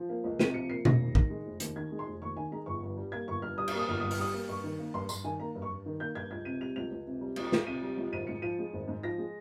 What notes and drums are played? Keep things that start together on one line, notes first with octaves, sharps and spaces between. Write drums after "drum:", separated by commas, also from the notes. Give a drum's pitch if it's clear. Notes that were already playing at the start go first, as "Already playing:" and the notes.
Already playing: F3
A#3
C#2
C3 D#7, drum: snare
F3 C#7
A#3 C7
F1 A#6, drum: tom B2
D#2
D#3, drum: kick
G#3
F1
D#2, drum: hi-hat
D#3 G#6
G#3
C6
F1
D#2 C#6
D#3 G#5
G#3 A#5
G1 C#6
G2
G3
A#3 G#6
G1 C#6
G2 F6
G3 D#6
F6, drum: cymbal
A#3
D#6
G1 F6
G2 D#6
F6, drum: open hi-hat
G3 D#6
A#3
G2 C#6
D#3
A#3
G2 C6
G2 C6, drum: tambourine
D#3 G#5
A#3 A#5
G2
C#6
G2
D#3
A#3 G6
G2 G#6
C#2 G#6
C3 D#7
G3 F7
C#2 F7
C#2
C3
G3
C#2, drum: cymbal
C#2, drum: snare
C3 D#7
G3
C#2
G#1 D#7
G#2 C#7
F3 D#7
G#3
G#1
G#2
F3 A#6
G#3